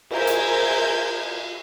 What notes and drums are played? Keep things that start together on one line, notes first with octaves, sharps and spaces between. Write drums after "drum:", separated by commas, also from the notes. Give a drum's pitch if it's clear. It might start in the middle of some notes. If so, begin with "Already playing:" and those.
G#4 A#4 C5 E5 G6 G#6, drum: cymbal
drum: hi-hat